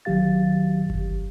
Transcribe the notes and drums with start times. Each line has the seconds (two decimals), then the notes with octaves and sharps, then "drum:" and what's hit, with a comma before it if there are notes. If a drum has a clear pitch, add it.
0.05 G#1 D#3 F#3 G4 F5 A6
0.90 drum: kick G1